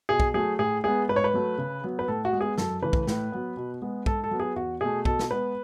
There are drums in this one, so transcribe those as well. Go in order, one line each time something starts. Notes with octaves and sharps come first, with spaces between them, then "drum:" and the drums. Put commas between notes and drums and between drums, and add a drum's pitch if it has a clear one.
B2 G#4
drum: kick
F#3 A3 G#4
A2 G#4
G#3 B3 G#4
G#2 B4
C#5
B4
F#3 A3
C#3
F#3 B3
B4
A2 A4
F#4
G#3
B3 G#4
F#2 A4, drum: snare
C#3 E3 A3 B4
drum: kick
A2, drum: snare
F#3 B3
B2
G#3 B3
G#2 A4, drum: kick
A4
F#3 B3
G#4
E2 F#4
B2 A3 G#4
B2 A4, drum: kick
drum: snare
G#3 B3 B4